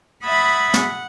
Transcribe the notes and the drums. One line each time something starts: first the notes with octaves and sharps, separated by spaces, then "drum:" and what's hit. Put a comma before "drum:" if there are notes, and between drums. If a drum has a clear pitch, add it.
E5 F#5 B5 D#6 G#6 A6
F#5, drum: snare